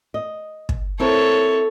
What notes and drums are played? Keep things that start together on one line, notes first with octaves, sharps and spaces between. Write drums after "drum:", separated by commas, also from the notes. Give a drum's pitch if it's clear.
D#5
drum: kick
C4 E4 A4 A#4 C#5